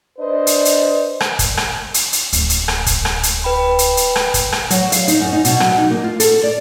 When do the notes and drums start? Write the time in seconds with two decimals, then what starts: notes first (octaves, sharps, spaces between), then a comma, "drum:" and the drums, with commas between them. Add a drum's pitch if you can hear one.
0.18 D4 B4 C5 D5 D#5
0.47 drum: hi-hat
0.65 drum: hi-hat
1.20 drum: rim click
1.39 drum: kick, hi-hat
1.57 drum: rim click
1.94 drum: hi-hat
2.13 drum: hi-hat
2.33 D1, drum: hi-hat
2.50 drum: hi-hat
2.68 drum: rim click
2.86 drum: kick, hi-hat
3.05 drum: rim click
3.23 drum: hi-hat
3.44 B4 G5 B5
3.79 drum: hi-hat
3.97 drum: hi-hat
4.15 drum: rim click
4.34 drum: kick, hi-hat
4.52 drum: rim click
4.70 F#3, drum: hi-hat
4.92 F5, drum: hi-hat
5.08 D#4, drum: hi-hat
5.20 F#2
5.33 D#4
5.45 B2, drum: hi-hat
5.60 F#3, drum: rim click
5.78 D#4
5.91 A#3
6.04 F4
6.20 A4, drum: hi-hat
6.44 D5